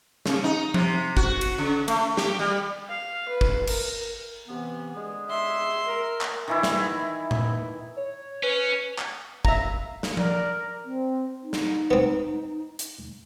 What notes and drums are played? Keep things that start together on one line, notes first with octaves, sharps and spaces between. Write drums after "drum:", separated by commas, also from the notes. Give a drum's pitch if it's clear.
C3, drum: snare
D#4
C3, drum: tom F3
F#4, drum: kick
drum: cymbal
C#3
A3, drum: cymbal
G4, drum: snare
G3
F5
B4
drum: kick
A#4, drum: cymbal
C3 E3 B3
D3 G#3 G#4
E5 C6
A#4
drum: clap
D#3 E3 E4
drum: snare
drum: tom A#2
C#5
C#4 B4
drum: clap
E5 F5 A#5, drum: kick
drum: snare
A#4 D5, drum: tom F3
C4
D#4
drum: snare
B3 C4
drum: hi-hat